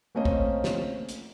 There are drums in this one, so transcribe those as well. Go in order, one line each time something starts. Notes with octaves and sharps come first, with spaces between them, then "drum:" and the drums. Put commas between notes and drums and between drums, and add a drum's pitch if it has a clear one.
A3 A#3 C4 C#4 D#5
drum: kick
drum: snare
drum: hi-hat